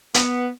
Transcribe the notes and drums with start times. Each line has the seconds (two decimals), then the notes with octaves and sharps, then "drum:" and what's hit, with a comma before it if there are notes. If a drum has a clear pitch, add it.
0.14 B3, drum: hi-hat